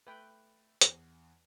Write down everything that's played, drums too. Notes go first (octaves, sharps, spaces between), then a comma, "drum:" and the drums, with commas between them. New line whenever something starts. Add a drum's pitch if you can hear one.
A3 B4 G5
E2, drum: hi-hat